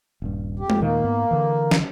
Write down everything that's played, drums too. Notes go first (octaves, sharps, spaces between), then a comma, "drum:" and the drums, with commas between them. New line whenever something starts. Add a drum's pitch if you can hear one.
D#1 G2
F2 G4
drum: tom G#3
D#2 A#2 D#3 A#3
G#2 B3
D3 E3
drum: snare